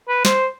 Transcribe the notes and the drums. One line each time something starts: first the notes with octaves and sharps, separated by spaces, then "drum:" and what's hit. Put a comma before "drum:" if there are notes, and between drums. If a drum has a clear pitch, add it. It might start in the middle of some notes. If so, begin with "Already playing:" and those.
B4
C5, drum: snare